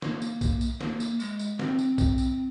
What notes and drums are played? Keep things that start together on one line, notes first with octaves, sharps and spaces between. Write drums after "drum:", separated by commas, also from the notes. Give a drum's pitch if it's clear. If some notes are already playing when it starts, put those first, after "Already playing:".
A#3, drum: snare
drum: tambourine
drum: kick, tambourine
drum: tambourine
A#3, drum: snare
drum: tambourine
G#3, drum: tambourine
drum: tambourine
C4, drum: snare
drum: tambourine
drum: kick, tambourine
drum: tambourine